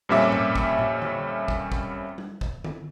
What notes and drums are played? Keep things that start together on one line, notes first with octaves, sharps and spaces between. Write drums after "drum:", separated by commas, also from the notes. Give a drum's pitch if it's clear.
F2 A#2 G3 C#4 E5 D6
drum: tom G#2
drum: kick
drum: tom A2
drum: tom D3
drum: kick
drum: kick
drum: tom G3
drum: kick
drum: tom D3